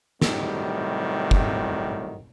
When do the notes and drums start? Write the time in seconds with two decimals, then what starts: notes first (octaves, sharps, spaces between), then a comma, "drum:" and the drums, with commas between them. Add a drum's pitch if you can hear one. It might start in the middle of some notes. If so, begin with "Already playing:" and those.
0.22 A2 C3 D#3 F#3 G3, drum: snare
1.31 drum: kick